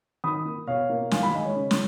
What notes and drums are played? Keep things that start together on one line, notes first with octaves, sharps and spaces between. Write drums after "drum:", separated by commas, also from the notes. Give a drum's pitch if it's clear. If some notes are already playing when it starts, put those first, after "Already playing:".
D#3 B5 D#6
A#3
B2 C#5 F5
A#3
D#3 F5 G#5, drum: snare
G#5 B5
G#3 D#5
C#5
C#3
drum: snare